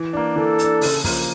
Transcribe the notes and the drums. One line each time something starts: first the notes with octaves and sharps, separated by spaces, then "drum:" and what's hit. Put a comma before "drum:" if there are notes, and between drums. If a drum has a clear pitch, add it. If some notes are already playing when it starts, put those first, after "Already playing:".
Already playing: E3
A#3 D4
E3 A4
A#3 D4, drum: hi-hat
C#3, drum: open hi-hat
F3 A#3, drum: kick, open hi-hat